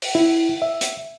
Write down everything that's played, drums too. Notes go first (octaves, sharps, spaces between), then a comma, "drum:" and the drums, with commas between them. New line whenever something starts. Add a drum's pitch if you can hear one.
drum: open hi-hat
E4
E5
drum: hi-hat